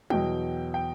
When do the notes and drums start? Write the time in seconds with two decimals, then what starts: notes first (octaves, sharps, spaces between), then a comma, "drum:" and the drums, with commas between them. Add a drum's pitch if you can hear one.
0.10 E2 B2 F#3 G5, drum: tom G3
0.74 G5